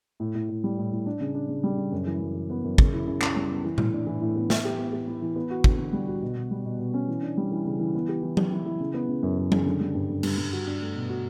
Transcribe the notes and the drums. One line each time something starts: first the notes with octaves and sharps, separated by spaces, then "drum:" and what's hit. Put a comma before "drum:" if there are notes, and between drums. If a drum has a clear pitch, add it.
A2
A2
A2
G3
A2
A2
D4
C#3
D4
C#3
G3
C#3
F#2
E3
F#2
E3
B3
F#2
C#3, drum: kick
E4
C#3
C#3, drum: clap
G3
B3
E3
A2, drum: tom A#2
D4
E3
A2
B3
E3, drum: snare
G4
B3
G4
E4
E3
B3
F#4
D3, drum: kick
D3
G3
F#4
B2
B2
G3
B2
B2
C#4
E3
D4
G3
E3
C#3
E3
B3
G4
E3
G4, drum: tom F#3
E4
E4
C#3
B3
C#3
F#2
F#2
C#3, drum: tom F#3
D3
G3
G2
D3
G2, drum: cymbal
G2
F#4
D4
A3
B2
F#4